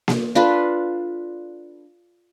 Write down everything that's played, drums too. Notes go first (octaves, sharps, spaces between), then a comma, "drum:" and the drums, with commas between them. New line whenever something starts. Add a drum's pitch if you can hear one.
drum: snare A#3
D4 F4 A4 B4